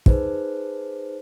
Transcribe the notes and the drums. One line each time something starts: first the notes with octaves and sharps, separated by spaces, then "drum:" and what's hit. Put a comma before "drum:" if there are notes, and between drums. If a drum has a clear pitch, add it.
D#4 G#4 B4 C5, drum: kick